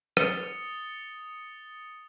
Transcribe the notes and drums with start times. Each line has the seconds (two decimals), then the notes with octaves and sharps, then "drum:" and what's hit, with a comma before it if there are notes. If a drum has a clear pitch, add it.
0.17 D#6 A6 C#7 G7, drum: rim click